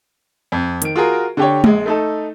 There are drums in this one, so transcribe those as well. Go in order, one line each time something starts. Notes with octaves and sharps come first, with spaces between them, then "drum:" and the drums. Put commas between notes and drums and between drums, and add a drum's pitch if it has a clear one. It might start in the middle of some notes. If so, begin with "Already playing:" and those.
F2
D#3 D7, drum: hi-hat
F4 F#4 G#4 A#4
D3 G4 C#5
A#1 G#3, drum: tom G#3
A3 D#4 A4